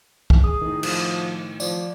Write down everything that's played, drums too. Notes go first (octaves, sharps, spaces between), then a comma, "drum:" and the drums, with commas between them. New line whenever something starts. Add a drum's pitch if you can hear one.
drum: kick
G#4 D#6
A2 D#3
F3, drum: cymbal
F3 D5, drum: tambourine